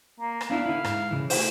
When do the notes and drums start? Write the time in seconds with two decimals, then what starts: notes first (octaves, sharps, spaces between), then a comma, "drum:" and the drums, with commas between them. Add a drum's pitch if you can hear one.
0.20 A#3
0.41 drum: rim click
0.50 B3 D4 E4 F5
0.66 D3 E4
0.85 G#2, drum: rim click
1.11 C#3 E3
1.30 A3 E4 C5, drum: open hi-hat